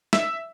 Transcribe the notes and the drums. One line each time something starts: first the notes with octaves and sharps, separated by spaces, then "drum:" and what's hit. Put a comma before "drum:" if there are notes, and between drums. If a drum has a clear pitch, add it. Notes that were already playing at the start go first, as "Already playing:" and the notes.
E5, drum: snare